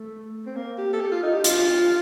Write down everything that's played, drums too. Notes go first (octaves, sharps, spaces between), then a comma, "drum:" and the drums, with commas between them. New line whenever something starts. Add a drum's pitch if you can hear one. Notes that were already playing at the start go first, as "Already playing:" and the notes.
Already playing: A3
C4
A#3
G4
A4
G4
F4
D#4
G4
F4, drum: hi-hat